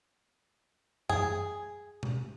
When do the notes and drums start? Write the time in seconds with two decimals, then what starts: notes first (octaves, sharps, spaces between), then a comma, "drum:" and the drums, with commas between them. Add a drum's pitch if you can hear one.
1.09 G#4, drum: tom F#2
2.03 drum: tom B2